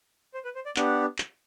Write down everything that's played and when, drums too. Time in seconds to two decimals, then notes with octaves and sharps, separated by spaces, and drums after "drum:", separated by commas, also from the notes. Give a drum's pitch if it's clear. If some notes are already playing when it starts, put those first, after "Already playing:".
0.34 C5
0.44 B4
0.55 C5
0.66 D5
0.76 B3 D4 G4 F#5, drum: clap
1.18 drum: clap